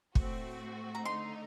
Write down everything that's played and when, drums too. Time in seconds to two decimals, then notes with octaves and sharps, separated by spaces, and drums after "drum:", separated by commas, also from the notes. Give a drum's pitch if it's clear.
0.15 A2 A3 C4 F#4, drum: kick
0.95 A#5
1.05 D3 A3 D#4 C6